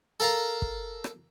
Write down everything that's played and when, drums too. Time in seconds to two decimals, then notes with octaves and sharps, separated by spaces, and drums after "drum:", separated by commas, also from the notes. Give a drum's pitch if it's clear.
0.20 A4 A#4 F5 A5 A#5
0.62 drum: kick
1.04 drum: rim click